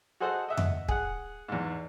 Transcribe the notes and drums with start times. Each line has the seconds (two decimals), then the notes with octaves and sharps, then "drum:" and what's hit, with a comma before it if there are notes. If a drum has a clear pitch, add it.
0.20 F#4 G#4 A4 C5 D#5 F#5
0.48 D#5 E5 F#5
0.57 drum: tom F2
0.89 G#4 F#5, drum: kick
1.49 E2 G#2